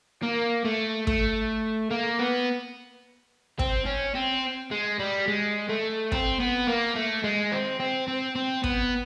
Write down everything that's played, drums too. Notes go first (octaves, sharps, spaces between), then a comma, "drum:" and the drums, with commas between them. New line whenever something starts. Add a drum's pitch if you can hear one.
A#3
A3
A3, drum: kick
A#3
B3
C4, drum: kick
C#4
C4
G#3
G3
G#3
A3
C4, drum: kick
B3
A#3
A3
G#3
C4
C4
C4
C4
B3, drum: kick